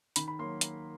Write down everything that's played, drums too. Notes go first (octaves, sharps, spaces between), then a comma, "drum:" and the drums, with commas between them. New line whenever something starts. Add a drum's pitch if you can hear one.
D#3 B5, drum: hi-hat
B5
F#3 A#3 C6
drum: hi-hat